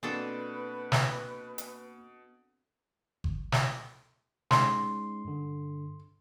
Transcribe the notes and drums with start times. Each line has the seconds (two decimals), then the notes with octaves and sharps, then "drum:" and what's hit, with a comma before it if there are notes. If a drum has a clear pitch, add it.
0.03 B2 A#3 C4 D4 A4 B4
0.92 drum: snare
1.58 drum: hi-hat
3.24 drum: kick G1
3.52 drum: snare
4.51 G#3 C#4 D#4 C6, drum: snare
5.25 G2 D3